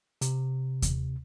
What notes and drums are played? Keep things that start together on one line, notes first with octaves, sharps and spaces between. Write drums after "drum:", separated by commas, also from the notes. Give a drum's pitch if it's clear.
C3, drum: hi-hat
drum: kick D#2, hi-hat